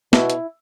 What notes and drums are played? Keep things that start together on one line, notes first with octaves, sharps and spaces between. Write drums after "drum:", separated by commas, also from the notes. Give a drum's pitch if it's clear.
B2 E4, drum: snare
drum: hi-hat